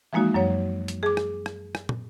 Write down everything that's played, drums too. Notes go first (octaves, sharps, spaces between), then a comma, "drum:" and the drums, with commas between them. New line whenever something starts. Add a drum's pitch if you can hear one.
E3 F3 G#3 A#3 D#4 F#4
F#2 F#3 C#5
drum: hi-hat
G#4 D6
drum: rim click
drum: rim click
drum: rim click
drum: tom